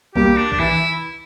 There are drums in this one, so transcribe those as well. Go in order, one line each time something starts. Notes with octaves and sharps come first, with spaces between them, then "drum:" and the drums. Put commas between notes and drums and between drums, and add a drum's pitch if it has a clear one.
G3 A#3 G4, drum: kick B1
D4
D4, drum: kick B1
E3 E4